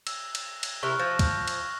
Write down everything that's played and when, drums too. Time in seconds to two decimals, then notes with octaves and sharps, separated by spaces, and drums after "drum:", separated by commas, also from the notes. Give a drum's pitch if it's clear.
0.07 E6, drum: cymbal
0.35 drum: cymbal
0.63 drum: cymbal
0.83 C3 E4 A#4 C#6 F6 F#6
0.99 F3 F6 A#6
1.19 drum: kick, cymbal
1.48 drum: cymbal